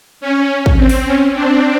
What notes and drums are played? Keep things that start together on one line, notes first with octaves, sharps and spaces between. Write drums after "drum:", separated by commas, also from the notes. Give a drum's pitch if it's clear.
C#4
drum: kick
C4
drum: open hi-hat
C#4
C4 D4